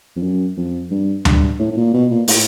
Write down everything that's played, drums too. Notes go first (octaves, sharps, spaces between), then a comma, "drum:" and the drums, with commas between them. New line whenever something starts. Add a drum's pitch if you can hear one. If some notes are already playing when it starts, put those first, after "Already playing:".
F2
F#2
F2
G2
G2, drum: tom D2
A2
A2
A#2
B2
A#2
A2, drum: open hi-hat